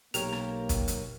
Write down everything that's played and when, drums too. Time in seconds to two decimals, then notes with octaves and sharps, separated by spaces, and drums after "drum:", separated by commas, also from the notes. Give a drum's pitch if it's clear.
0.14 B1 A#3 G4 A#4 C#5 A#5 F7, drum: hi-hat
0.32 drum: rim click
0.69 drum: kick, hi-hat
0.88 drum: hi-hat